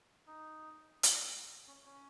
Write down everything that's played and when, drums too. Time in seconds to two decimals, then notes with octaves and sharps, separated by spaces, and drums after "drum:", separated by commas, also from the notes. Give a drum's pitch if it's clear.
0.27 D#4
1.03 drum: hi-hat
1.68 C#4
1.85 C#4